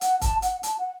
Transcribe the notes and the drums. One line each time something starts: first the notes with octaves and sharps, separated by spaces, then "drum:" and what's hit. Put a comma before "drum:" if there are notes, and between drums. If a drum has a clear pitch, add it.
F#5, drum: hi-hat
A5, drum: kick, hi-hat
F#5, drum: hi-hat
A5, drum: hi-hat
F#5